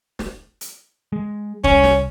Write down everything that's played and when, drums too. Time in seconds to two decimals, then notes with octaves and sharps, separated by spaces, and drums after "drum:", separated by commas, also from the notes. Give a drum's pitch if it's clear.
0.19 drum: snare
0.61 drum: hi-hat
1.13 G#3
1.64 C2 C#4, drum: kick
1.83 drum: snare